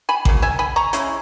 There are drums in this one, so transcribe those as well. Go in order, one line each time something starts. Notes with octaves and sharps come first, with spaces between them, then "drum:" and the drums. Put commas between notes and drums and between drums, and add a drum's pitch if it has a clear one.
G#5 B5
C#3 F#3 A#3, drum: kick A1
E5 G#5
G#5 B5
A#5 C#6
C#3 G#3 C#4 E4, drum: hi-hat